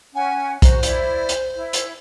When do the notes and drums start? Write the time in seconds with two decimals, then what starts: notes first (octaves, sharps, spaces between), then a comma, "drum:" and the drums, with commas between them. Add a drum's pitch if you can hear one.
0.15 C#4 F#5 G#5
0.62 F#4 C5 A#5, drum: kick B1, hi-hat
0.83 E4 D5, drum: hi-hat
1.29 drum: hi-hat
1.55 E4
1.73 drum: hi-hat